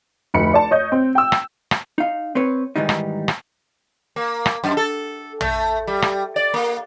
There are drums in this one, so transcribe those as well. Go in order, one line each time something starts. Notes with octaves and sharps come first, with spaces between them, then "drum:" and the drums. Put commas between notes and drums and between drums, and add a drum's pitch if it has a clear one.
F1 D2 B5 C#7
D5 A5
C#5 D#5 G6
C4
G5 E6
drum: rim click
drum: rim click
D#4 F5
C4 B4 C#5
G#2 D#3 E3 G3 D#4
drum: rim click
drum: rim click
A#3
drum: rim click
F#2
A4
A3, drum: tom
G3
drum: rim click
D5
A#3